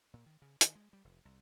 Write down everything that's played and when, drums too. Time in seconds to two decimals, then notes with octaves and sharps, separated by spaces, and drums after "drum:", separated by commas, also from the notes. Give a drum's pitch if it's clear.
0.14 A#2
0.26 D#3
0.42 C#3
0.61 D#3, drum: hi-hat
0.75 G#3
0.93 G3
1.05 F1
1.25 C2